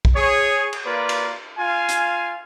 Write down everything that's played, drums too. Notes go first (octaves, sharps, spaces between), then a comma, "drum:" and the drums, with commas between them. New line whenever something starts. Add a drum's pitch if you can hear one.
drum: kick
G#4 C#5
drum: cymbal
A#3 F4 B4 D5
drum: cymbal
F4 F5 G#5
drum: hi-hat